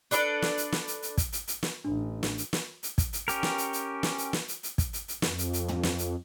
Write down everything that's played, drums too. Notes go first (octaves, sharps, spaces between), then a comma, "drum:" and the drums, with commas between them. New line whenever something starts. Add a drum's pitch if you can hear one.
D4 A4 B4 D5, drum: hi-hat
drum: snare
drum: hi-hat
drum: snare
drum: hi-hat
drum: hi-hat
drum: kick, hi-hat
drum: hi-hat
drum: hi-hat
drum: snare
A1 D4
drum: snare
drum: hi-hat
drum: snare
drum: hi-hat
drum: kick, hi-hat
drum: hi-hat
C#4 G4 A#4, drum: hi-hat
drum: snare
drum: hi-hat
drum: hi-hat
drum: snare
drum: hi-hat
drum: snare
drum: hi-hat
drum: hi-hat
drum: kick, hi-hat
drum: hi-hat
drum: hi-hat
F2, drum: snare
drum: hi-hat
drum: hi-hat
drum: tom
drum: snare
drum: hi-hat